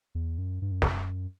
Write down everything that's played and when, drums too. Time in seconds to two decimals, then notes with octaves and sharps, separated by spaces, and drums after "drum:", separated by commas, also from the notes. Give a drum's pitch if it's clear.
0.15 E2
0.38 F#2
0.62 G2
0.72 F#2
0.82 F2, drum: snare
0.93 F#2